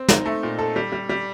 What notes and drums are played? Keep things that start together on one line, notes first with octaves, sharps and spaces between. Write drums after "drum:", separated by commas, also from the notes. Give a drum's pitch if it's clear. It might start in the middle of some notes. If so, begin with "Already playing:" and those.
Already playing: C4
D#4, drum: snare
A3
A#2
A4
G3
G3
G3